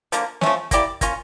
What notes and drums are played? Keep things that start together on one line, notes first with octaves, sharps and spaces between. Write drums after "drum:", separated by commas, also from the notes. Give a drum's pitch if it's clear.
D3 F3 A#3, drum: hi-hat
F3 A3 C#4, drum: snare
A#3 E4 G4 D5, drum: kick, hi-hat
A#3 C#4 F4, drum: kick, hi-hat